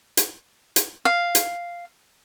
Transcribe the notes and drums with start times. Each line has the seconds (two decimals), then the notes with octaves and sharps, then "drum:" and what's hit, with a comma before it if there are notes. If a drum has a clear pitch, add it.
0.17 drum: hi-hat
0.76 drum: hi-hat
1.05 F5
1.35 drum: hi-hat